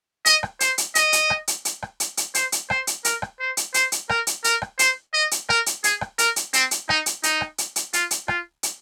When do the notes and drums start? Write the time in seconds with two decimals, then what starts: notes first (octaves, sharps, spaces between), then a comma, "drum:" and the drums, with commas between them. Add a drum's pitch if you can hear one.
0.25 D#5, drum: hi-hat
0.43 drum: rim click
0.60 C5, drum: hi-hat
0.78 drum: hi-hat
0.95 D#5, drum: hi-hat
1.13 drum: hi-hat
1.30 drum: rim click
1.48 drum: hi-hat
1.65 drum: hi-hat
1.82 drum: rim click
2.00 drum: hi-hat
2.17 drum: hi-hat
2.35 C5, drum: hi-hat
2.52 drum: hi-hat
2.70 C5, drum: rim click
2.87 drum: hi-hat
3.05 A#4, drum: hi-hat
3.22 drum: rim click
3.40 C5
3.57 drum: hi-hat
3.74 C5, drum: hi-hat
3.92 drum: hi-hat
4.09 A#4, drum: rim click
4.27 drum: hi-hat
4.44 A#4, drum: hi-hat
4.62 drum: rim click
4.79 C5, drum: hi-hat
5.14 D#5
5.31 drum: hi-hat
5.49 A#4, drum: rim click
5.66 drum: hi-hat
5.84 G#4, drum: hi-hat
6.01 drum: rim click
6.18 A#4, drum: hi-hat
6.36 drum: hi-hat
6.53 C4, drum: hi-hat
6.71 drum: hi-hat
6.89 D#4, drum: rim click
7.06 drum: hi-hat
7.23 D#4, drum: hi-hat
7.41 drum: rim click
7.58 drum: hi-hat
7.76 drum: hi-hat
7.93 F4, drum: hi-hat
8.11 drum: hi-hat
8.28 F4, drum: rim click
8.63 drum: hi-hat